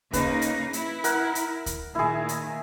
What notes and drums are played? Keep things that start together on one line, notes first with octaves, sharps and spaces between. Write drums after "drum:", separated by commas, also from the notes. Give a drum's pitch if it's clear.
C#3 A#3 D#4 B4, drum: kick D2, hi-hat
drum: hi-hat
E4, drum: hi-hat
A#4 F#5, drum: hi-hat
drum: hi-hat
drum: kick D2, hi-hat
A#2 D#3 E4 G#4
drum: hi-hat